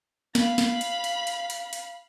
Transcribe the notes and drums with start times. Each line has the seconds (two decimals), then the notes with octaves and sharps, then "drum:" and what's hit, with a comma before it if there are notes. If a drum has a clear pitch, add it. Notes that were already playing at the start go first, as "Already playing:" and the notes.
0.35 F5 B5, drum: snare
0.58 drum: snare
0.81 drum: hi-hat
1.04 drum: hi-hat
1.27 drum: hi-hat
1.50 drum: hi-hat
1.73 drum: hi-hat